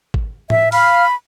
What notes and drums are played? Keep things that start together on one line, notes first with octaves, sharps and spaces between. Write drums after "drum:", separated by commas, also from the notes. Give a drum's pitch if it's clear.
drum: kick G#1
E5, drum: tom A2
F5 B5 F6, drum: open hi-hat